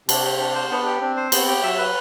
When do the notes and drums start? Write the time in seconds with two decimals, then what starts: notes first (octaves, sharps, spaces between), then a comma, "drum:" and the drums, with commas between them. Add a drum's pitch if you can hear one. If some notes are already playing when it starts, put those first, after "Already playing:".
0.09 C3 D4, drum: cymbal
0.24 G4
0.39 D4
0.55 C5
0.70 B3 D4
0.85 G4
1.01 C4 D4
1.17 C5
1.32 B3 C4, drum: cymbal
1.47 G4
1.63 F#3 E5
1.78 B4